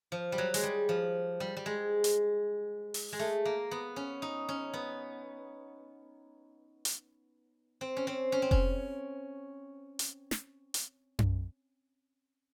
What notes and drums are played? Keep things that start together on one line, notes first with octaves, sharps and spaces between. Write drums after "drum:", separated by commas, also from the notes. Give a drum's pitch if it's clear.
F3
G3
F#3
G#3, drum: hi-hat
G3
F3
G3
G3
G#3
drum: hi-hat
drum: open hi-hat
G#3
A3
A#3
B3
C#4
D#4
C#4
B3
drum: hi-hat
C4
C#4
C4
C#4
C4
C#4, drum: kick F1
drum: hi-hat
drum: snare
drum: hi-hat
drum: tom F#2